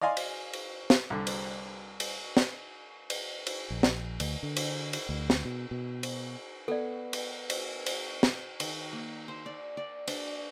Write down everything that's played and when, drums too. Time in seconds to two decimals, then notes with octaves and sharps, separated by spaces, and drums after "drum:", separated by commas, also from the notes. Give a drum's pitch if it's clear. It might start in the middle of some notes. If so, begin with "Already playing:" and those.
0.02 D5 D#5 F5 G#5 C6
0.17 drum: cymbal
0.53 drum: cymbal
0.90 drum: snare
1.10 C2 D3
1.27 drum: cymbal
2.00 drum: cymbal
2.37 drum: snare
3.10 drum: cymbal
3.47 drum: cymbal
3.70 A#1
3.83 drum: snare
4.20 D2, drum: cymbal
4.43 D3
4.57 drum: cymbal
4.93 drum: cymbal
5.09 D2
5.30 drum: snare
5.45 B2
5.71 B2
6.03 drum: cymbal
6.68 B3 A4 D5
7.13 drum: cymbal
7.50 drum: cymbal
7.86 drum: cymbal
8.23 drum: snare
8.60 D#3, drum: cymbal
8.93 A#3
9.28 C5
9.46 D5
9.77 D5
10.08 D4, drum: cymbal